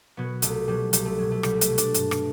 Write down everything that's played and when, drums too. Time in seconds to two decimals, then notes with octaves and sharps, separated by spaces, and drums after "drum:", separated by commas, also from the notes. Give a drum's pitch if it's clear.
0.17 B2 F#3 B3
0.42 C2 A3, drum: hi-hat
0.68 B2 F#3 G3
0.93 C2 G3, drum: hi-hat
1.05 A3
1.18 B2 F#3
1.31 A3
1.43 C2 G3, drum: rim click
1.61 A3, drum: hi-hat
1.69 B2 F#3
1.78 D4, drum: hi-hat
1.94 G2, drum: hi-hat
2.11 drum: rim click